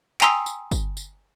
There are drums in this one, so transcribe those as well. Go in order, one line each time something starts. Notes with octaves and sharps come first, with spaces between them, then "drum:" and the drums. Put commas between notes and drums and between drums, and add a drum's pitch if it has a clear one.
G5 G#5 A#5 C6 D#6 E6, drum: clap
drum: tambourine
drum: kick, tambourine
drum: tambourine